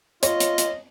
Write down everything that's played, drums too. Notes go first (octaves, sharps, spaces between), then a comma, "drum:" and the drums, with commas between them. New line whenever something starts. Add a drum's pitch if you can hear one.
F4 C#5 D#5, drum: hi-hat
drum: hi-hat
drum: hi-hat